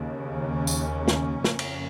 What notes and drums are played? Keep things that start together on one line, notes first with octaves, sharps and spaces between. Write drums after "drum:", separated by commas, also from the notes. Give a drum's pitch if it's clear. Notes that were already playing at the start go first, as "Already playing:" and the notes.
Already playing: D#2 C#3
A#3 C#4
drum: tambourine
drum: snare
F2 C#3, drum: snare
drum: cymbal